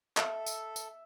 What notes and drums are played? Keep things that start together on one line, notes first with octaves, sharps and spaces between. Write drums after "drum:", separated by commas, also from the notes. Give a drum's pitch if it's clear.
A4 E5, drum: clap
drum: tambourine
drum: tambourine